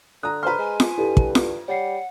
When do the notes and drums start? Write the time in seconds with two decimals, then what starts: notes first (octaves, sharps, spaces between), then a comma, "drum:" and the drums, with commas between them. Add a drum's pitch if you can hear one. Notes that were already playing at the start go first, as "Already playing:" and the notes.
0.23 D3 A#5 D#6 F#6
0.43 B4 C5 A#5 C6 F6
0.58 G#3 G#5
0.80 drum: snare F4
0.98 G2 E4 G4 A4
1.17 drum: kick
1.35 drum: snare F4
1.68 G3 C#5 F#5 C7